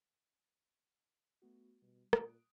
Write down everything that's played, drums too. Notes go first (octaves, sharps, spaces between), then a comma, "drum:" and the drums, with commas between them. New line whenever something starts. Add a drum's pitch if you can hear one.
A3 B3 F#4
B2 G3
A#2 D#6 F#6 D7, drum: rim click